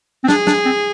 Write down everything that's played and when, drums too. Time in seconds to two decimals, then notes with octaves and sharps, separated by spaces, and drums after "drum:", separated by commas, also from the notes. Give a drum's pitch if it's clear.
0.24 C4
0.28 D4 G#4, drum: snare
0.47 D4, drum: snare
0.65 C4